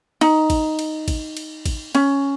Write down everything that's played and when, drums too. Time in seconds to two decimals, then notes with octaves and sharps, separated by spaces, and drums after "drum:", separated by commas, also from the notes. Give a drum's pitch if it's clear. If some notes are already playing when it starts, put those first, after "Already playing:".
0.21 D#4, drum: cymbal
0.50 drum: kick, cymbal
0.79 drum: cymbal
1.08 drum: kick, cymbal
1.37 drum: cymbal
1.66 drum: kick, cymbal
1.95 C#4, drum: cymbal